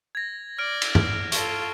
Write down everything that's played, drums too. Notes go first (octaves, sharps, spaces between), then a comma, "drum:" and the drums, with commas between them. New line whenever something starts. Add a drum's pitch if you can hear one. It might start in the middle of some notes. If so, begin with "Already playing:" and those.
G#6 A#6
D5 F6 D7
drum: cymbal
drum: tom
F4 A4 C#6, drum: hi-hat